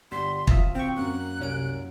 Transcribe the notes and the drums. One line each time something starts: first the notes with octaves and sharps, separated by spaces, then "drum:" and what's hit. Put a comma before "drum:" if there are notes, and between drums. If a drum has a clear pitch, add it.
G1 G3 C6 B6
D1 F4 E5 D#6, drum: kick
C4 G5 C#6
F#2 A#3 F#6
C2 C#4 D7